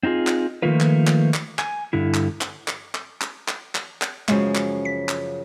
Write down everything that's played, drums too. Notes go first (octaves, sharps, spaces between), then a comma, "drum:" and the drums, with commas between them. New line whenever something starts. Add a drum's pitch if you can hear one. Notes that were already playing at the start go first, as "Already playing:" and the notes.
C4 D#4 F4 G#4
drum: clap
D#3 F3 A3 A#3 F4 B4
drum: clap
drum: clap
drum: clap
G#5, drum: clap
G2 D3 E4
drum: clap
drum: clap
drum: clap
drum: clap
drum: clap
drum: clap
drum: clap
drum: clap
F#2 C#3 F3 G#3, drum: clap
drum: clap
B6
drum: clap